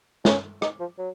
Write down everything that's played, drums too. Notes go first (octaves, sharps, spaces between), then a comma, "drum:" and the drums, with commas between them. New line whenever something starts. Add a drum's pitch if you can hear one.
C#4, drum: snare
D#4, drum: rim click
F3
F#3